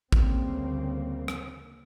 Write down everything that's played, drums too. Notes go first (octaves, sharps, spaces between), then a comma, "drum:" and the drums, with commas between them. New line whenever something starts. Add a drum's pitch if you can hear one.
D2 C#3 G3 A#3 C4, drum: kick
drum: rim click